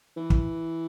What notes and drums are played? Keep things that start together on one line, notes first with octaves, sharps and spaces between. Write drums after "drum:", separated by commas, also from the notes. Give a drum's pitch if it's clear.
E3
drum: kick